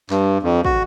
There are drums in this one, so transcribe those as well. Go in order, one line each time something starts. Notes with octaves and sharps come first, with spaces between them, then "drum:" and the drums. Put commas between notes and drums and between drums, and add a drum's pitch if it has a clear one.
G2, drum: clap
F2
F#4, drum: kick